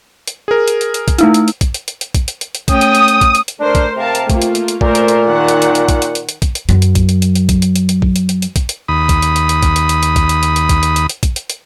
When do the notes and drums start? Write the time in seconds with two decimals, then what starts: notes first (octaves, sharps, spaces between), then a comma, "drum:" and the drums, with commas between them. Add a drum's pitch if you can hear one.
0.27 drum: hi-hat
0.48 G#4 A#4
0.68 drum: hi-hat
0.81 drum: hi-hat
0.94 drum: hi-hat
1.08 drum: kick A#1, hi-hat
1.18 A3 D#4 E4, drum: hi-hat
1.34 drum: hi-hat
1.48 drum: hi-hat
1.61 drum: kick A#1, hi-hat
1.74 drum: hi-hat
1.88 drum: hi-hat
2.01 drum: hi-hat
2.14 drum: kick A#1, hi-hat
2.28 drum: hi-hat
2.41 drum: hi-hat
2.55 drum: hi-hat
2.68 A3 C#4 G5 D#6, drum: kick A#1, hi-hat
2.81 drum: hi-hat
2.95 drum: hi-hat
3.08 drum: hi-hat
3.21 drum: kick A#1, hi-hat
3.35 drum: hi-hat
3.48 drum: hi-hat
3.60 A3 D4 A#4 C5
3.75 drum: kick A#1, hi-hat
3.97 C3 A#4 F5 A5
4.15 drum: hi-hat
4.30 A3 A#3 F4, drum: kick A#1, hi-hat
4.42 drum: hi-hat
4.55 drum: hi-hat
4.68 drum: hi-hat
4.81 A#2 A3 A#4 C5, drum: kick A#1
4.95 drum: hi-hat
5.08 drum: hi-hat
5.28 D#3 F#5
5.48 drum: hi-hat
5.62 drum: hi-hat
5.75 drum: hi-hat
5.89 drum: kick A#1, hi-hat
6.02 drum: hi-hat
6.15 drum: hi-hat
6.29 drum: hi-hat
6.42 drum: kick A#1, hi-hat
6.55 drum: hi-hat
6.69 F#2 F#3, drum: hi-hat
6.82 drum: hi-hat
6.95 drum: kick A#1, hi-hat
7.09 drum: hi-hat
7.22 drum: hi-hat
7.35 drum: hi-hat
7.49 drum: kick A#1, hi-hat
7.62 drum: hi-hat
7.76 drum: hi-hat
7.89 drum: hi-hat
8.02 drum: kick A#1
8.16 drum: hi-hat
8.29 drum: hi-hat
8.42 drum: hi-hat
8.56 drum: kick A#1, hi-hat
8.69 drum: hi-hat
8.88 D#2 B5 D#6
9.09 drum: kick A#1, hi-hat
9.22 drum: hi-hat
9.36 drum: hi-hat
9.49 drum: hi-hat
9.63 drum: kick A#1, hi-hat
9.76 drum: hi-hat
9.89 drum: hi-hat
10.03 drum: hi-hat
10.16 drum: kick A#1, hi-hat
10.29 drum: hi-hat
10.43 drum: hi-hat
10.56 drum: hi-hat
10.69 drum: kick A#1, hi-hat
10.83 drum: hi-hat
10.96 drum: hi-hat
11.09 drum: hi-hat
11.23 drum: kick A#1, hi-hat
11.36 drum: hi-hat
11.50 drum: hi-hat